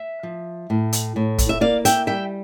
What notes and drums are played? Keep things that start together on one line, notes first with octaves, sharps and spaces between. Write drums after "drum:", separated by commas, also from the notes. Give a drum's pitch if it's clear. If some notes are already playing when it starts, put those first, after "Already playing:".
Already playing: E5
F3
A2
drum: hi-hat
A2
drum: kick, hi-hat
E5
A#3 D5 F5
E5 G5, drum: hi-hat
G3 E5 G5